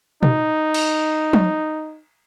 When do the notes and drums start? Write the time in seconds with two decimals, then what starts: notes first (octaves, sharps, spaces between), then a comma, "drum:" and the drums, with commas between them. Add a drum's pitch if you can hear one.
0.23 D#4, drum: tom A#2
0.74 drum: cymbal
1.33 drum: tom F3